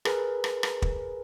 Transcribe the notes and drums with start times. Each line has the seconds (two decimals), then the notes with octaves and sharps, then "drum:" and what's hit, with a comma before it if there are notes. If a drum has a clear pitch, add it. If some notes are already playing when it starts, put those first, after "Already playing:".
0.05 G#4 A#4 B4, drum: rim click
0.44 drum: rim click
0.63 drum: rim click
0.82 drum: kick